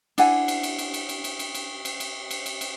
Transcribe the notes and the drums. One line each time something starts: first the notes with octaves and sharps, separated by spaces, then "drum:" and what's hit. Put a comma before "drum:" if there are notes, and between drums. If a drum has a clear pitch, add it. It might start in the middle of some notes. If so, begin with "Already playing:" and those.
D4 E4 F#5 G#5, drum: cymbal
drum: cymbal
drum: cymbal
drum: cymbal
drum: cymbal
drum: cymbal
drum: cymbal
drum: cymbal
drum: cymbal
drum: cymbal
drum: cymbal
drum: cymbal
drum: cymbal
drum: cymbal